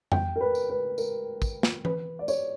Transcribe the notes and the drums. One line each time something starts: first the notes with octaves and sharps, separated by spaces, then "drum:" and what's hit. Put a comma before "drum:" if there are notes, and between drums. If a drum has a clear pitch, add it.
G5, drum: tom F2
A#4
B4
drum: tambourine
B4
A#4, drum: tambourine
drum: kick, tambourine
drum: snare
B4, drum: tom E3
D5
C#5, drum: tambourine